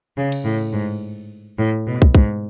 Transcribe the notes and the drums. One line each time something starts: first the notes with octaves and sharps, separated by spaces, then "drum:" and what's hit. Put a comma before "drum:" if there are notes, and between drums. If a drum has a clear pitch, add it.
C#3
drum: cymbal
A2
G#2
A2
B2
drum: kick
G#2, drum: kick